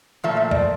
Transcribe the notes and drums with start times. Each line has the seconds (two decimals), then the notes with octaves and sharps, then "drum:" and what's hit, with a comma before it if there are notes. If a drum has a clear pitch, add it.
0.24 A#2 F3 A3 E5
0.37 E5
0.51 D5, drum: kick